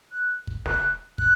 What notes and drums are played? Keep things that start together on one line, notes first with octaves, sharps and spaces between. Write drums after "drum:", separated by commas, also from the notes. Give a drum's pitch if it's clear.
F#6
drum: kick
F#6, drum: snare
F#6, drum: kick